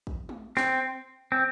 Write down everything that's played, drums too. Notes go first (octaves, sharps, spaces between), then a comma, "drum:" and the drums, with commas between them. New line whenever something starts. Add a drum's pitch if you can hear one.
drum: kick
drum: tom G#3
C4, drum: snare
C4